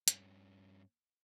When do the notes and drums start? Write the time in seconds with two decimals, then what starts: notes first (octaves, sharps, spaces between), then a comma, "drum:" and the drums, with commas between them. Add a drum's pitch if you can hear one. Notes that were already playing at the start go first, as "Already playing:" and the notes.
0.08 G2 C#4, drum: hi-hat